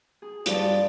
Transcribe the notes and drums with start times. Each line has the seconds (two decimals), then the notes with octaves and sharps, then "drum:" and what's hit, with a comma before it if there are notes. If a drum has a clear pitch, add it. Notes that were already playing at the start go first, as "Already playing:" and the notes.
0.22 G#4
0.46 G2 F3 D5, drum: hi-hat